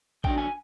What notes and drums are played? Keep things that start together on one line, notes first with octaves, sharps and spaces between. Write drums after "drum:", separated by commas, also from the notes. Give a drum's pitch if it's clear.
D3 F#3 B3 D4 G5, drum: kick
G#5